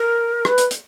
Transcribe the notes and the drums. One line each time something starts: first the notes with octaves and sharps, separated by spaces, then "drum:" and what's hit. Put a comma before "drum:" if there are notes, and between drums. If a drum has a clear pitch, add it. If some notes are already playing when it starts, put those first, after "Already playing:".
Already playing: A#4
B4, drum: rim click
drum: hi-hat
drum: hi-hat